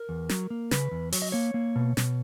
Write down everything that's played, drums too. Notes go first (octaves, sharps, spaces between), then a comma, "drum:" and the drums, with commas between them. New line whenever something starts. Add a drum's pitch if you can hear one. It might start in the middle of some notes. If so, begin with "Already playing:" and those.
Already playing: A#4
E2
F#3, drum: snare
A#3
C#3 B4, drum: snare
E2
F#3 C#5, drum: open hi-hat
D#5
A#3 C#5
A#3
B2
B2, drum: snare